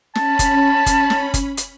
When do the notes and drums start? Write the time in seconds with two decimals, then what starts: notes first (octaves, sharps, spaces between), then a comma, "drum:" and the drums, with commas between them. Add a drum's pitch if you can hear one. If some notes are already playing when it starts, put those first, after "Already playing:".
0.15 C#4 A5 B5, drum: snare
0.39 drum: kick, hi-hat
0.86 drum: kick, hi-hat
1.10 drum: snare
1.34 drum: kick, hi-hat
1.57 drum: hi-hat